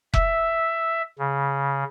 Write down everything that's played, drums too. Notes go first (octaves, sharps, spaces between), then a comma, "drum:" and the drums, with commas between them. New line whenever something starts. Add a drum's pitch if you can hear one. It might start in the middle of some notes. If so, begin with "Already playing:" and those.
E5, drum: kick F1
C#3